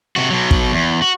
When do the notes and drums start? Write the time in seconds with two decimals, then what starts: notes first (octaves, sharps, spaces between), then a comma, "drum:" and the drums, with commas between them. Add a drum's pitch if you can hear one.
0.16 C3 F#4
0.31 B2 F#3
0.51 drum: kick
0.72 E2
1.02 F#4